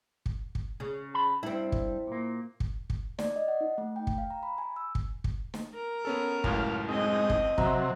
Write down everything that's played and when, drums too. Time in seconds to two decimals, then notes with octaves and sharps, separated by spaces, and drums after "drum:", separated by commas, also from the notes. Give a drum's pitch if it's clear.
0.26 drum: kick
0.55 drum: kick
0.80 C#3
1.14 A5 B5
1.43 G2 G3 C4 E4
1.72 drum: kick
2.07 A#2 A#3
2.60 drum: kick
2.90 drum: kick
3.19 D5, drum: snare
3.36 D#5
3.48 F#5
3.61 D#4
3.78 A3
3.96 G5
4.07 drum: kick
4.18 F5
4.30 A#5
4.43 B5
4.58 G#5
4.76 E6
4.95 drum: kick
5.24 drum: kick
5.54 drum: snare
5.74 A#4
6.05 B3 C#4 A4
6.44 C#2 F#2 A2 F5, drum: kick
6.89 G#3 C4 D#4 D#5
7.30 drum: kick
7.58 C3 F#3 E5 A#5, drum: kick